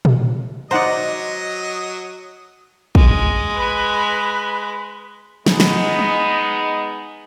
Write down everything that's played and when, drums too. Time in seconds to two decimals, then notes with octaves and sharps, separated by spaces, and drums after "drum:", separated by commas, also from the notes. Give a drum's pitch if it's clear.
0.05 drum: tom A#2
0.71 F#3 D#4 C5 D5 D#5 F#5 A#5 D#6
2.95 G#3, drum: kick
3.54 B4 B5
5.46 G#3 B3 D#4, drum: snare
5.60 drum: snare
5.99 drum: tom G3